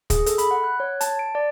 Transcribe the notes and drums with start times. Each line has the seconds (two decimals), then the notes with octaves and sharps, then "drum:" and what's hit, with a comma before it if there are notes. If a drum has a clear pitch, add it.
0.10 G#4, drum: kick, hi-hat
0.26 A4, drum: hi-hat
0.38 B5, drum: hi-hat
0.51 F#5
0.64 F#6
0.80 C#5
1.01 A5, drum: hi-hat
1.19 D7
1.35 D5